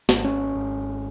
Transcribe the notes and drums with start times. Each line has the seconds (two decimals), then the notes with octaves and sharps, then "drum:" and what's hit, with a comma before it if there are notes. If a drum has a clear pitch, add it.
0.09 G#1, drum: snare
0.24 C#4
0.55 G#1